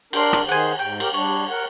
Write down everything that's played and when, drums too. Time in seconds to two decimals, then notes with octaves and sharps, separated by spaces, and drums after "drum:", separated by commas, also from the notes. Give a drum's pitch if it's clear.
0.13 D4 A#4 G5 C6, drum: cymbal
0.33 drum: rim click
0.49 D#3 G#4 C5 F#5 G#5
0.79 G#2 G5
1.00 G4 A#4, drum: cymbal
1.14 G3 D4 C#5
1.49 A#4 F#5